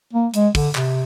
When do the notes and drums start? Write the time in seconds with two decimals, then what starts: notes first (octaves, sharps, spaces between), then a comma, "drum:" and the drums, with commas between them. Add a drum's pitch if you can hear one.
0.13 A#3
0.34 G#3, drum: hi-hat
0.55 D3, drum: kick, open hi-hat
0.75 C3, drum: clap